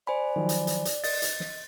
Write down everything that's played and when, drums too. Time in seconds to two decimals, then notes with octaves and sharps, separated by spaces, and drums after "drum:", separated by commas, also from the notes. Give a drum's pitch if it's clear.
0.07 C5 D5 G#5 B5
0.36 D#3 F3 F#3
0.49 drum: hi-hat
0.67 drum: hi-hat
0.85 drum: hi-hat
1.04 D#5 A6, drum: open hi-hat
1.22 drum: hi-hat
1.40 drum: snare